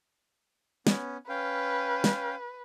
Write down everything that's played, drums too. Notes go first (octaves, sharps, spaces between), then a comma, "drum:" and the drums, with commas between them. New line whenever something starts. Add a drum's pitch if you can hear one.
B3 C#4, drum: snare
C#4 B4 F5 G5
drum: snare